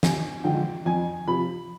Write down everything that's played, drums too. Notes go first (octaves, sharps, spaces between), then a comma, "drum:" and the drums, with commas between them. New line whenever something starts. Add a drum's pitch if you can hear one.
D#2 G#5, drum: snare
D3 F3 G#3 G5
F2 G#5
C3 F3 B5